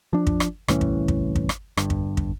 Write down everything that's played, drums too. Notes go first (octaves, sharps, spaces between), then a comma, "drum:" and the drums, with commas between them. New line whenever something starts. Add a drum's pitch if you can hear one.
F3 D4
drum: kick
drum: rim click
C2 A2 E3 C#4, drum: rim click
drum: kick
drum: kick
drum: kick
drum: rim click
G1 G2, drum: rim click
drum: kick
drum: kick